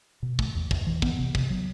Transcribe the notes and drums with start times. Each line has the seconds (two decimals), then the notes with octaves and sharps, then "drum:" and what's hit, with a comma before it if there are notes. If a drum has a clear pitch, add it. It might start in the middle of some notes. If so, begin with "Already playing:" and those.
0.23 B2
0.39 A3, drum: kick
0.55 E2
0.71 E2, drum: kick
0.86 E3
1.02 B3, drum: kick
1.19 C3
1.35 C3, drum: kick
1.50 F#3